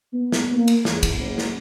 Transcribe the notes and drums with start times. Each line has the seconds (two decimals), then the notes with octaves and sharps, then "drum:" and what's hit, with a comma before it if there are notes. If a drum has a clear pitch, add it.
0.13 B3
0.32 drum: snare
0.54 A#3
0.68 drum: cymbal
0.85 E2, drum: snare
1.03 drum: kick, cymbal
1.17 F#1
1.38 drum: snare